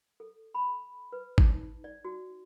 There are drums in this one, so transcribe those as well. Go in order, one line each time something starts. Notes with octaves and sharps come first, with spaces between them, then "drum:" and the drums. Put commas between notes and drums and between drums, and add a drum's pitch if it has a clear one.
A4
B5
B4
D#4, drum: kick G#1
D5
F#4